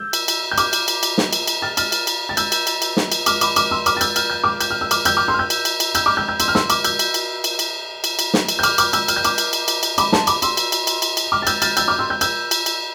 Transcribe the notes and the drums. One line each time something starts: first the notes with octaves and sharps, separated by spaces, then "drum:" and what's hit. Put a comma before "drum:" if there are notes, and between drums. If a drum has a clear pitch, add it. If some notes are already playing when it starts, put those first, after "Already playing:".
Already playing: E6 G6
drum: cymbal
drum: cymbal
G6
D6 F6, drum: cymbal
drum: cymbal
drum: cymbal
drum: cymbal
drum: snare
drum: cymbal
drum: cymbal
F6 A6
F6 A6, drum: cymbal
drum: cymbal
drum: cymbal
A6
E6 G6, drum: cymbal
drum: cymbal
drum: cymbal
drum: cymbal
drum: snare
drum: cymbal
D6 F6, drum: cymbal
B5 D6, drum: cymbal
D6 F6, drum: cymbal
C6 E6
D6 F6, drum: cymbal
A6
E6 G6, drum: cymbal
F6, drum: cymbal
G6
D6 F6
G6, drum: cymbal
F6
E6
D6 F6, drum: cymbal
E6 G6, drum: cymbal
D6 F6
C6 E6
F6
E6 G6
drum: cymbal
drum: cymbal
drum: cymbal
E6 G6, drum: cymbal
D6 F6
E6 G6
E6 G6
C6 E6, drum: cymbal
F6
C6 E6, drum: snare
D6 F6, drum: cymbal
E6 G6, drum: cymbal
drum: cymbal
drum: cymbal
drum: cymbal
drum: cymbal
drum: cymbal
drum: cymbal
drum: snare
drum: cymbal
G6
D6 F6, drum: cymbal
D6 F6, drum: cymbal
E6 G6, drum: cymbal
F6, drum: cymbal
G6
D6 F6, drum: cymbal
drum: cymbal
drum: cymbal
drum: cymbal
drum: cymbal
B5 D6, drum: cymbal
A5 C6, drum: snare
B5 D6, drum: cymbal
C6 E6, drum: cymbal
drum: cymbal
drum: cymbal
drum: cymbal
drum: cymbal
drum: cymbal
D6 F6
A6
E6 G6, drum: cymbal
F6 A6, drum: cymbal
E6 G6, drum: cymbal
D6 F6
C6 E6
E6 G6
E6 G6, drum: cymbal
drum: cymbal
drum: cymbal